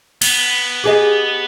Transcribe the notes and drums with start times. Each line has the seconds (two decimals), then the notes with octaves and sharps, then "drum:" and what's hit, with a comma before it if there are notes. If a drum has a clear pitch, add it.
0.22 B3, drum: cymbal
0.84 G4 G#4 D#5